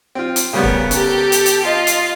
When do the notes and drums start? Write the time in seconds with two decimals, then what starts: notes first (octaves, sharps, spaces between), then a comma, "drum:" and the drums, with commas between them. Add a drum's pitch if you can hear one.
0.15 C4 F4
0.36 drum: hi-hat
0.53 C#3 G3 B3 C#4 A#4
0.63 drum: kick
0.91 G4 A4, drum: hi-hat
1.32 drum: hi-hat
1.46 drum: hi-hat
1.65 F4 D#5
1.87 drum: hi-hat